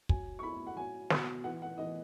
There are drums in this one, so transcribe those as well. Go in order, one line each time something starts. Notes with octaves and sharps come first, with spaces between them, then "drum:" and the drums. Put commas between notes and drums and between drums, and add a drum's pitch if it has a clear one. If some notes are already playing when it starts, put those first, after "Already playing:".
F#3 G#5, drum: kick
C#6
E4 B5
F#5
F#3 G#5
B2, drum: snare
E3 F#5
F#5
E3 D#5